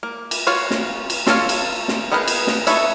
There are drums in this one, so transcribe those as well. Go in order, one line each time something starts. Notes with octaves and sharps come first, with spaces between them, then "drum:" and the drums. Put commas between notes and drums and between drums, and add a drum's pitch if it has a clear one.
A#3
drum: cymbal
F4 F#4 C#5 F5
drum: snare
drum: cymbal
F4 A4 C#5 D5 F5, drum: snare
drum: cymbal
drum: snare
B3 D#4 G#4 A#4 B4
drum: cymbal
drum: snare
A3 D#4 B4 C#5 E5, drum: cymbal